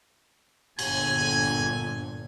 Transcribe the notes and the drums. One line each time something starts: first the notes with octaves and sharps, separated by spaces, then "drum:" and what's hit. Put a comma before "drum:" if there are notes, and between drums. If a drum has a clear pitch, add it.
G1 A#2 D3 G#5, drum: cymbal